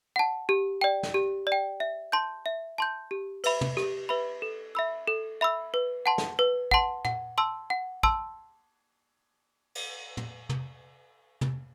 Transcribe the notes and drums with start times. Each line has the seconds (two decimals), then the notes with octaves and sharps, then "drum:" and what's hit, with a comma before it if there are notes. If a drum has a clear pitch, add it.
0.16 F#5 A5
0.49 G4
0.81 D5 G5
1.03 drum: snare
1.14 G4
1.47 D5
1.52 G5
1.80 E5
2.12 A5 C6 G6
2.46 E5
2.78 A5 C6 G6
3.11 G4
3.44 B4 E5 B5, drum: cymbal
3.61 drum: tom
3.77 G4, drum: rim click
4.09 B4 E5 B5
4.42 A4
4.75 E5 B5 E6
5.07 A4
5.41 E5 B5 E6
5.74 B4
6.06 F#5 A5 C6
6.18 drum: snare
6.39 B4
6.71 F#5 A5 C6, drum: kick A1
7.05 F#5, drum: tom
7.38 A5 C6 E6
7.70 F#5
8.03 A5 C6 E6, drum: kick A1
9.75 drum: cymbal
10.17 drum: tom
10.49 drum: tom
11.41 drum: tom